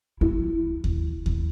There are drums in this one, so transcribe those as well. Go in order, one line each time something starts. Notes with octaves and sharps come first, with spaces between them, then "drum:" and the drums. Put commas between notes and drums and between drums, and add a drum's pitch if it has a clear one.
E4
drum: kick D#2
drum: kick D#2